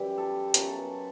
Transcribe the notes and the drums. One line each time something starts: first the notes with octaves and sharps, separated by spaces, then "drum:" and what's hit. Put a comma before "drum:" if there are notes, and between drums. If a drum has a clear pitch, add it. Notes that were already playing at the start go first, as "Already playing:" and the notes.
Already playing: F#2 E3 G3 E4 G4
A4
F#2 C#3 F#3 B4, drum: hi-hat
A4
A4